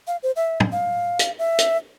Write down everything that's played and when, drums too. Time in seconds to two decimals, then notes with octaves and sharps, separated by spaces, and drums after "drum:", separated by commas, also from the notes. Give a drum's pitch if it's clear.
0.07 F5
0.23 C5
0.36 E5
0.60 drum: tom
0.72 F5
1.19 drum: hi-hat
1.39 E5
1.59 drum: hi-hat